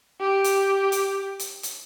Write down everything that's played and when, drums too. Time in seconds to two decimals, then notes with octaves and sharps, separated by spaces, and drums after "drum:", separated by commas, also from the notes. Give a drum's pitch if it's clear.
0.20 G4
0.44 drum: hi-hat
0.92 drum: hi-hat
1.39 drum: hi-hat
1.63 drum: hi-hat